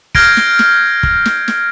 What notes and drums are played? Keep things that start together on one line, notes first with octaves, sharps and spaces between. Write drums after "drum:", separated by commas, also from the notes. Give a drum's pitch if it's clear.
F6 G6 G#6 A#6 C7 D7, drum: kick
drum: snare
drum: snare
drum: kick
drum: snare
drum: snare